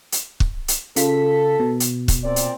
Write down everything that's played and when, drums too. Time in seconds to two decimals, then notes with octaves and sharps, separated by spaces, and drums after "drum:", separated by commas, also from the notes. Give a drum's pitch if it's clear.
0.12 drum: hi-hat
0.40 drum: kick
0.68 drum: hi-hat
0.96 C#3 F4 A4 B6, drum: hi-hat
1.60 B2
1.80 drum: hi-hat
2.08 drum: kick, hi-hat
2.23 A#2 C4 D5
2.36 drum: hi-hat